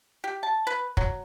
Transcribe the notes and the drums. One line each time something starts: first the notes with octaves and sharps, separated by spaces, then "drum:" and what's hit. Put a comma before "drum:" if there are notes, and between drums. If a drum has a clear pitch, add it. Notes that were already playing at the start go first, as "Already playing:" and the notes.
G4
A5
B4
F#3, drum: kick